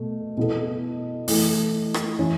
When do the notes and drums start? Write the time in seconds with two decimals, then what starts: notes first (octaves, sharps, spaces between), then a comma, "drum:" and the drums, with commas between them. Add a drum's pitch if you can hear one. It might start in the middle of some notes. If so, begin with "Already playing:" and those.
Already playing: B2 A3
0.37 B2 B3 E4 A4
1.28 E3 A3 E4, drum: open hi-hat
1.94 drum: rim click
2.19 E3 C#4 E4